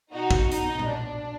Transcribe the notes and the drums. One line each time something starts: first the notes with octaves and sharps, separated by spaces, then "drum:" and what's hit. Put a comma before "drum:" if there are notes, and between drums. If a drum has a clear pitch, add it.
B2 D#4 F#4
drum: kick
D#4, drum: hi-hat
drum: tom A#2
D4